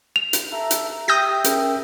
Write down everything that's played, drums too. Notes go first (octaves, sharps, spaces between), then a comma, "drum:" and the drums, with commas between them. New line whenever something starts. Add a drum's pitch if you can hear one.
F7
drum: hi-hat
A4 E5 A#5
drum: hi-hat
G4 E5 G5 D#6 G6 A#6
C#4 G#4 A#4, drum: hi-hat